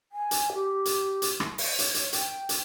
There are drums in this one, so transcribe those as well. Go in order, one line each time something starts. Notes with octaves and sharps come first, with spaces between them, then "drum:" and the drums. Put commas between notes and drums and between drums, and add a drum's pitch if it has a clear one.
G#5
drum: hi-hat
G4
drum: hi-hat
drum: hi-hat
drum: rim click
drum: open hi-hat
C#5, drum: hi-hat
drum: hi-hat
G5, drum: hi-hat
drum: hi-hat